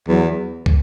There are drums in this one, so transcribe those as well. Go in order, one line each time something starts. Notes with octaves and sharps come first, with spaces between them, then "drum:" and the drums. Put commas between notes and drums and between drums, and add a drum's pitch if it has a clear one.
E2 F#3
drum: kick